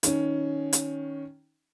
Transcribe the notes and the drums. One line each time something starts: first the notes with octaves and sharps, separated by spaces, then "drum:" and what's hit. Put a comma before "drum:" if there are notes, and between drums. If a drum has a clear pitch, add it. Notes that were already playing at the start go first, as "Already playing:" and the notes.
D#3 C#4, drum: hi-hat
drum: hi-hat